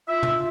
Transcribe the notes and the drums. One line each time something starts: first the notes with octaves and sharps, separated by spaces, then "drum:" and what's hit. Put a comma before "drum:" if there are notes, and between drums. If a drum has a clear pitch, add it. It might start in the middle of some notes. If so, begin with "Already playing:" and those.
F4 E5
drum: tom